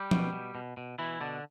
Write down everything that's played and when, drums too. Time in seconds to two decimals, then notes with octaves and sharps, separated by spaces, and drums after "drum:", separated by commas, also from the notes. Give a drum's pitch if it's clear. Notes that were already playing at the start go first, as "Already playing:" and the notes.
Already playing: G3 G4
0.11 B2, drum: tom F3
0.33 B2
0.55 B2
0.77 B2
0.98 B2 E3 E4
1.20 B2 D3 D4